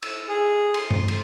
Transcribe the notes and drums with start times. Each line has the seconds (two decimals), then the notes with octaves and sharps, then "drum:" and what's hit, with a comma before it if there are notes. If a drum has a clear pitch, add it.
0.02 E6, drum: cymbal
0.29 G#4
0.74 C6, drum: cymbal
0.91 drum: tom G2
1.08 drum: cymbal